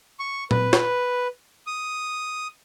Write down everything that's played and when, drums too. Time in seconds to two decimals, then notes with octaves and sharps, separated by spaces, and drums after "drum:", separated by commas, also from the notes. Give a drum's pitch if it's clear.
0.20 C#6
0.51 B4, drum: tom A#2
0.73 drum: snare
1.67 D#6